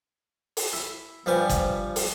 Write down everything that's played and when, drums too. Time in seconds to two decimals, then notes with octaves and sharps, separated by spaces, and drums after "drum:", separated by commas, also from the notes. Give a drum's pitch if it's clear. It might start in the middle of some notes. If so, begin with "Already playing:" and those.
0.57 drum: open hi-hat
0.73 E4
1.26 G2 F3 G3 B4 G#5 A5
1.49 drum: kick, hi-hat
1.96 drum: open hi-hat